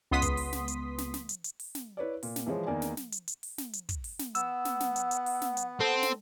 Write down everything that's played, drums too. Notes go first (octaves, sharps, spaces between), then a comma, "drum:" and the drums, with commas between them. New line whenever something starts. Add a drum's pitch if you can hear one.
C#2 B3 C6 D#6 B6
drum: kick, hi-hat
drum: open hi-hat
drum: snare
drum: hi-hat
drum: snare
drum: snare
drum: hi-hat
drum: hi-hat
drum: open hi-hat
drum: snare
E4 B4 C#5 D5
A#2, drum: open hi-hat
drum: snare
E3 F3 G#3 C#5
E2 D#3 A#3 D5 G#5
drum: snare
drum: snare
drum: hi-hat
drum: hi-hat
drum: open hi-hat
drum: snare
drum: hi-hat
drum: kick, hi-hat
drum: open hi-hat
drum: snare
B3 F#5 E6, drum: hi-hat
drum: snare
drum: snare
drum: hi-hat
drum: hi-hat
drum: open hi-hat
drum: snare
drum: hi-hat
C4 A4
drum: snare